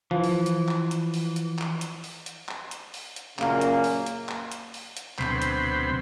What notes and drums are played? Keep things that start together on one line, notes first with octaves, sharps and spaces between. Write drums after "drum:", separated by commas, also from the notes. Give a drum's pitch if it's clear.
E3 F3
drum: open hi-hat
drum: hi-hat
drum: clap
drum: hi-hat
drum: open hi-hat
drum: hi-hat
drum: clap
drum: hi-hat
drum: open hi-hat
drum: hi-hat
drum: clap
drum: hi-hat
drum: open hi-hat
drum: hi-hat
F#2 A#2 C#3 A#3, drum: clap
drum: hi-hat
drum: open hi-hat
drum: hi-hat
drum: clap
drum: hi-hat
drum: open hi-hat
drum: hi-hat
D2 B2 F#3 C4 C5 B5, drum: clap
drum: hi-hat